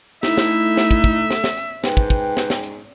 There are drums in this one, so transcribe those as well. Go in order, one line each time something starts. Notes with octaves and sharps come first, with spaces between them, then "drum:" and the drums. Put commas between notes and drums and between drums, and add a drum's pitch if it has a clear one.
A3 D#4 E4 E5, drum: snare
drum: snare
drum: hi-hat
drum: snare
drum: kick
drum: kick
drum: snare
drum: snare
drum: hi-hat
G#2 B4 G5, drum: snare
drum: kick
drum: kick, hi-hat
drum: snare
drum: snare
drum: hi-hat